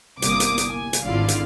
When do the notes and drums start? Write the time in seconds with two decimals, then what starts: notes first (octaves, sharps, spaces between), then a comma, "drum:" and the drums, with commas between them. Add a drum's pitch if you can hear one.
0.22 G1 C2 A#3 D6 D#6, drum: hi-hat
0.40 drum: hi-hat
0.58 drum: hi-hat
0.69 G#5
0.93 drum: hi-hat
1.04 G#1 D3 E4 F4 D5 F5
1.28 drum: hi-hat